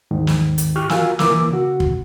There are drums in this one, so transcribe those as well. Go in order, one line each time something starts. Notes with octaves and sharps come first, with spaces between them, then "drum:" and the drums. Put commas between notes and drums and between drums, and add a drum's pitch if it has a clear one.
D#2 G#2 D#3
drum: snare
drum: hi-hat
E4 G4 C#6 F6 F#6
F4 F#4 A#4 F5 G#5 E6, drum: snare
C2 E3 A#3 A#4 D6 E6, drum: snare
C#3 F#4
drum: kick